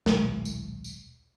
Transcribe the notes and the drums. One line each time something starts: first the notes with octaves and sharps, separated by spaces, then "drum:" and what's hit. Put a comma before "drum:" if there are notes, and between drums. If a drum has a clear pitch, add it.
D#1 B1 G#3, drum: snare
drum: tambourine
drum: tambourine